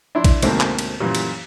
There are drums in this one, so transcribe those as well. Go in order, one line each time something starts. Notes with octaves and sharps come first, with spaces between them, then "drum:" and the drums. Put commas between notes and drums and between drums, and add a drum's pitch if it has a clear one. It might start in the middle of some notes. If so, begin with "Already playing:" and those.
D4 E4 C6
drum: kick A#1, cymbal
D2 G#2 B2 A3 A#3 C4, drum: cymbal
drum: clap
drum: cymbal
F#2 A#2 E3 G3
drum: cymbal